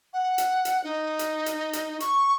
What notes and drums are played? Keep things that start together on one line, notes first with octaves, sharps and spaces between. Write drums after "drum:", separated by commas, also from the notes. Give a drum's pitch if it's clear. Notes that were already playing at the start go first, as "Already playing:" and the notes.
F#5
drum: hi-hat
drum: hi-hat
D#4
drum: hi-hat
drum: hi-hat
drum: hi-hat
C#6, drum: hi-hat